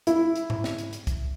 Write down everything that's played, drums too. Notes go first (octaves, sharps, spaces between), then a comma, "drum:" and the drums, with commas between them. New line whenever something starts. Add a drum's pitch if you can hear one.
E4, drum: hi-hat
drum: hi-hat
drum: tom G#2
drum: snare
drum: hi-hat
drum: hi-hat
drum: kick C2, hi-hat